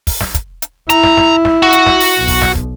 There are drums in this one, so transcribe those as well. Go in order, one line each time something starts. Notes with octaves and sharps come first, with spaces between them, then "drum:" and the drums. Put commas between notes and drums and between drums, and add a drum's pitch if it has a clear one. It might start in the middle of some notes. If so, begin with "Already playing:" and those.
drum: kick, open hi-hat
drum: snare
drum: kick, hi-hat
drum: hi-hat
E4 A#5, drum: hi-hat
drum: snare
drum: snare
drum: snare
F#4
drum: hi-hat
drum: snare
drum: open hi-hat
B1
drum: kick, open hi-hat
drum: snare
drum: kick